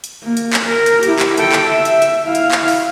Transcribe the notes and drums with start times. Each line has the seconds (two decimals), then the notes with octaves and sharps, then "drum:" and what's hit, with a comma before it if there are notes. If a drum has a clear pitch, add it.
0.04 drum: hi-hat
0.23 A#3
0.37 drum: hi-hat
0.53 drum: clap
0.65 A#4
0.86 drum: hi-hat
1.03 E4 G4, drum: hi-hat
1.19 drum: clap
1.38 A4 G5, drum: hi-hat
1.52 drum: clap
1.70 E5
1.85 drum: hi-hat
2.02 drum: hi-hat
2.26 E4 F5
2.35 drum: hi-hat
2.51 drum: clap
2.68 drum: open hi-hat